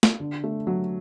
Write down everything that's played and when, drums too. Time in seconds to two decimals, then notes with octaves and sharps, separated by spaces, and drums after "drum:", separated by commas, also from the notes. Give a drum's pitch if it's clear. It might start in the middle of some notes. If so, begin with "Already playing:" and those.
0.03 drum: snare
0.20 D3
0.44 A3
0.67 F#3